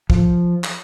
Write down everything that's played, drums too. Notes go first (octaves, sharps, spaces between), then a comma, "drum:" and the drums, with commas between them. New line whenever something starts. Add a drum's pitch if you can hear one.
F3, drum: kick
drum: clap